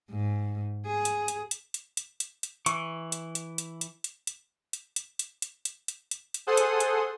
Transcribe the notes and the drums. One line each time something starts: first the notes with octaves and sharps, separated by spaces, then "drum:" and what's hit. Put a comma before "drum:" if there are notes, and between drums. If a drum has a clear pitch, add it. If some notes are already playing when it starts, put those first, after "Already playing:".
G#2
G#4
drum: hi-hat
drum: hi-hat
drum: hi-hat
drum: hi-hat
drum: hi-hat
drum: hi-hat
drum: hi-hat
E3 C#6, drum: hi-hat
drum: hi-hat
drum: hi-hat
drum: hi-hat
drum: hi-hat
drum: hi-hat
drum: hi-hat
drum: hi-hat
drum: hi-hat
drum: hi-hat
drum: hi-hat
drum: hi-hat
drum: hi-hat
drum: hi-hat
drum: hi-hat
G#4 A4 C5 F#5 C6 D#6
drum: hi-hat
drum: hi-hat